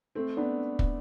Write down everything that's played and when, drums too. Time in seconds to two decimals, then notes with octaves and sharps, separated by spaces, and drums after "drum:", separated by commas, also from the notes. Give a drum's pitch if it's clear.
0.15 A3 C4
0.37 B3 D4
0.79 drum: kick